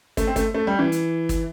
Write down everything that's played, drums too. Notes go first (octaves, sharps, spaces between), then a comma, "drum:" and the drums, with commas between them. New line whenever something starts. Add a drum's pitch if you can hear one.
A3, drum: kick, hi-hat
C4
A3, drum: kick, hi-hat
A3
G3
E3
drum: hi-hat
drum: kick, hi-hat